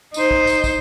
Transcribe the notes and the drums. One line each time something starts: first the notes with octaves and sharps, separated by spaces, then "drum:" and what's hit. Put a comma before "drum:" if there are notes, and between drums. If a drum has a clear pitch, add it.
D#4 C5, drum: tambourine
drum: kick
drum: tambourine
drum: kick, tambourine